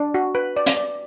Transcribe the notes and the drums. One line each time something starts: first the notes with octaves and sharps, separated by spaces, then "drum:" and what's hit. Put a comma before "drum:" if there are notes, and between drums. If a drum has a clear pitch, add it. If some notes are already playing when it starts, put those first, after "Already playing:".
Already playing: D4
F#4
B4
D5
drum: hi-hat
D5